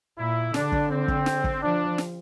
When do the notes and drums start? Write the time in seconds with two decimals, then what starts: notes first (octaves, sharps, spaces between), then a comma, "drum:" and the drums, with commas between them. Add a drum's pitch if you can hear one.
0.18 A#2 E4
0.54 D3 D4, drum: snare
0.72 drum: kick
0.90 C4
1.08 drum: kick
1.26 drum: snare
1.44 drum: kick
1.62 F3 D4
1.98 drum: snare